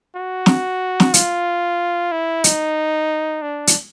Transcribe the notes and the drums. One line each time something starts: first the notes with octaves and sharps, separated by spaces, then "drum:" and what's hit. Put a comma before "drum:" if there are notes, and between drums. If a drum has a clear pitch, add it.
F#4
drum: snare
drum: snare
F4, drum: hi-hat
E4
D#4, drum: hi-hat
D4
drum: hi-hat